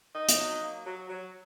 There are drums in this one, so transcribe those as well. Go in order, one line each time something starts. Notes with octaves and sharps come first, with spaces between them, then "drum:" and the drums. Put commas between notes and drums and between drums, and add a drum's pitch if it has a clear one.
D#4
drum: hi-hat
F#3
A#3
F#3
F#3